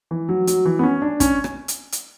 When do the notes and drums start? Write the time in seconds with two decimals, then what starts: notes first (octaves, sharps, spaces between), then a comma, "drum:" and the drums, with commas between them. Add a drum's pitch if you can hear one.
0.11 E3
0.29 F#3
0.47 F#3, drum: hi-hat
0.65 E3
0.79 B3
0.83 C#4
1.02 D4
1.20 C#4, drum: kick, hi-hat
1.44 drum: rim click
1.68 drum: hi-hat
1.92 drum: hi-hat